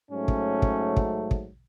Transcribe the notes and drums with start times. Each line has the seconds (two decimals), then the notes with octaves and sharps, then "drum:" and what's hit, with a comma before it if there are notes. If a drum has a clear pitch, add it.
0.11 G#2 F#3 A3 C#4
0.28 drum: kick
0.62 drum: kick
0.97 drum: kick
1.31 drum: kick